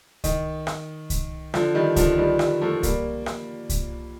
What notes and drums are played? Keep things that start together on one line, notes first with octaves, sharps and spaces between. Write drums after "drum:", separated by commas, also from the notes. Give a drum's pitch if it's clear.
D#3, drum: kick C2, hi-hat
drum: rim click
drum: kick C2, hi-hat
D3 F3, drum: rim click
D#3 G3
D3 F3, drum: kick C2, hi-hat
D#3 G3
D#3 G3, drum: rim click
F3 A3
G3 A#3, drum: kick C2, hi-hat
drum: rim click
drum: kick C2, hi-hat